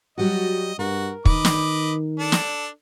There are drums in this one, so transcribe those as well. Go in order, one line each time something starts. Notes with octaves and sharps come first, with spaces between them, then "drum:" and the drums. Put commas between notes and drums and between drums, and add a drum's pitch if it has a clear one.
F#3 G3 F#4 D#5
G2 F#4 A#4
D#3 B4 D#5 D6, drum: kick
drum: snare
D4 A4
drum: snare